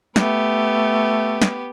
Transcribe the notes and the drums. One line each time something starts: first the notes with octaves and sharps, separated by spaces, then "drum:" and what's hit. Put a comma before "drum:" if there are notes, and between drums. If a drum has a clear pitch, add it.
A3 B3 G4, drum: snare
drum: snare